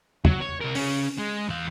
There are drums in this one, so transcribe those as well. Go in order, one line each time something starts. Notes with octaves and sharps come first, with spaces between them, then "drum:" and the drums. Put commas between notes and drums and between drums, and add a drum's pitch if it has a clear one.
F#3, drum: tom E2
C#5
C2 A#4
C#4 G#4, drum: open hi-hat
G#3
E2 F5